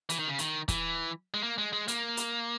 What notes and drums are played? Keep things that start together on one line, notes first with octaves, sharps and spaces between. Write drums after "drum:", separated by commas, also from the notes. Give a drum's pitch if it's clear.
E3, drum: hi-hat
D#3
C#3
D#3, drum: hi-hat
E3, drum: kick, hi-hat
G#3
A#3
G#3
G#3
A#3, drum: hi-hat
drum: hi-hat